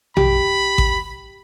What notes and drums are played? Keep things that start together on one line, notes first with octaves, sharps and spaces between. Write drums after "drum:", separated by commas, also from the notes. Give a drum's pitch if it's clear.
G4 B5, drum: tom A#1
drum: kick A1